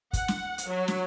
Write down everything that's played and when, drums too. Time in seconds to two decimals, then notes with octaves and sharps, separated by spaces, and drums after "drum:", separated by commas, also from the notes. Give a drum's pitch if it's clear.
0.13 F#5, drum: kick, hi-hat
0.28 drum: snare
0.58 drum: hi-hat
0.69 F#3
0.88 drum: snare